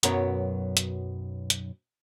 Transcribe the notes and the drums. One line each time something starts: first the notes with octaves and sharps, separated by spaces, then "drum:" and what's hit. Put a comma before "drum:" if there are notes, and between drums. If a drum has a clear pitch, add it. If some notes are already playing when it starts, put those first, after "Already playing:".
B1 F#2 F#3 B3 A#4 C#5, drum: hi-hat
drum: hi-hat
drum: hi-hat